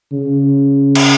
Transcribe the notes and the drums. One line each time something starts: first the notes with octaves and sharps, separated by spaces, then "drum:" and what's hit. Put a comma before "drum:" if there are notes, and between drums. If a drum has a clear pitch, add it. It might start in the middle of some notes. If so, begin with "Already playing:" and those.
C#3
drum: cymbal